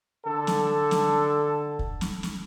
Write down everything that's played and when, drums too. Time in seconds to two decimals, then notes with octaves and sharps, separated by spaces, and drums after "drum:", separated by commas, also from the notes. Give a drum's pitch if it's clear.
0.25 D3 A4
0.47 drum: snare
0.91 drum: snare
1.79 drum: kick
2.01 drum: snare
2.23 drum: snare